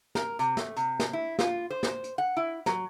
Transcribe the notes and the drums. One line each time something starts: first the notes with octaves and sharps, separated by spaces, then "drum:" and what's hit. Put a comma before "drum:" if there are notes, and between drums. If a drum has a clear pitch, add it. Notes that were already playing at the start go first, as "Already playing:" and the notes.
A#4, drum: snare
C3, drum: hi-hat
A3, drum: snare
C3, drum: hi-hat
drum: snare
E4
F4, drum: snare
C5
drum: snare
drum: hi-hat
F#5
E4
F#3, drum: snare